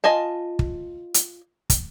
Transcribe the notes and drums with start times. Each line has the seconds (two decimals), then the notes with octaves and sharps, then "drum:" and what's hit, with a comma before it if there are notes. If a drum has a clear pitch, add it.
0.04 F4 D#5 G#5 A5
0.59 drum: kick
1.14 drum: hi-hat
1.70 drum: kick, hi-hat